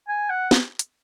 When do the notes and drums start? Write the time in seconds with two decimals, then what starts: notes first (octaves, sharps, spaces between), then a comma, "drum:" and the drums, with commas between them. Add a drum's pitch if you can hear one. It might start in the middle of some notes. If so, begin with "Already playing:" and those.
0.09 G#5
0.30 F#5
0.51 drum: snare
0.79 drum: hi-hat